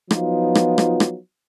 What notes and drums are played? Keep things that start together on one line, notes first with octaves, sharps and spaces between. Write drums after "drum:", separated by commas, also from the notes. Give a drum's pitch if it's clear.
F3 F#3 B3 D#4 F4, drum: rim click
drum: rim click
drum: rim click
drum: rim click